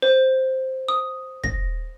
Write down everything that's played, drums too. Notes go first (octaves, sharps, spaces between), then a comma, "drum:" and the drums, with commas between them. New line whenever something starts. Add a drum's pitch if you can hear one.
C5
D#6
A#6, drum: kick